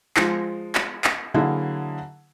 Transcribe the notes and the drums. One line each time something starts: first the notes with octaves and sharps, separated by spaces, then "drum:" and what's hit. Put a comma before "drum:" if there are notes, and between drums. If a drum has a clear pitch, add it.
F3 G#3, drum: clap
drum: clap
drum: clap
D3 F#3 A#3 E4 G#4